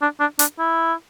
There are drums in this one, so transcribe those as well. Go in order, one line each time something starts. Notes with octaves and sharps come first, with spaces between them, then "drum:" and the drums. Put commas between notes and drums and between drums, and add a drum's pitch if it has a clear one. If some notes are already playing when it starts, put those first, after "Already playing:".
D4
D4
D4, drum: hi-hat
E4